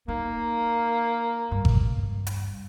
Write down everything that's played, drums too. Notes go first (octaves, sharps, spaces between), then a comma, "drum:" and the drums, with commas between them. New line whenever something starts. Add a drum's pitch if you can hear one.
A#3 D#4
G2
drum: kick G#1
drum: hi-hat